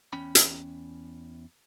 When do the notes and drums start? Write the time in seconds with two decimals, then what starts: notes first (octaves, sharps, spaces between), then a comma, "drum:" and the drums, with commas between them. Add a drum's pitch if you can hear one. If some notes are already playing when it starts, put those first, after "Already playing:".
0.13 E2 C#4 G5 B5
0.35 drum: hi-hat